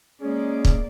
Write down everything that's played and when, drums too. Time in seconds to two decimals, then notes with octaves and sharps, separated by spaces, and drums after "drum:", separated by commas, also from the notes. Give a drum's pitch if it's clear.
0.21 G#3 A#3 C#4 G#4 D5
0.65 drum: kick